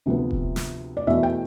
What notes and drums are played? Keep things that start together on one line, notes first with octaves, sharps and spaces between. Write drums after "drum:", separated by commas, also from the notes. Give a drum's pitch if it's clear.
D2 C3 F3 B3
drum: kick E1
drum: snare
D5
E2 B2 A3 E5
G5